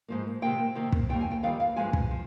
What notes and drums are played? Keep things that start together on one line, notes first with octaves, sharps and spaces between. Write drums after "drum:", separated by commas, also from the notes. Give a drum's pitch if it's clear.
G#2 F3 A#3
C3 D#3 A#3 G5
C3 D#3 A#3
drum: kick
F2 D#3 G3 A#3 G5
G#5
G5
F2 D#3 G3 A#3 F5
F5
G2 F3 G#3 G#5
drum: kick
F3